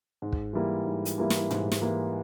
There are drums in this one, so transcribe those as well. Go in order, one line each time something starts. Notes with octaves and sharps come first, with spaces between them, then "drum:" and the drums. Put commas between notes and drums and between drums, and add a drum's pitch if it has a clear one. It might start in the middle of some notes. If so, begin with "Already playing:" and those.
G#2
drum: kick
E3 G3 A#3 E4
G#2
drum: hi-hat
E3 G3 A#3 E4
drum: snare
G#2, drum: tom A#2
drum: snare
E3 G3 A#3 E4